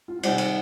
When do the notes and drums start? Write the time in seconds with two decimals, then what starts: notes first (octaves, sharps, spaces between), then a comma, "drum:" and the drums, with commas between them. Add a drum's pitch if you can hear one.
0.08 F4
0.19 F4
0.23 C3 D#3 G3 G4, drum: cymbal
0.38 drum: cymbal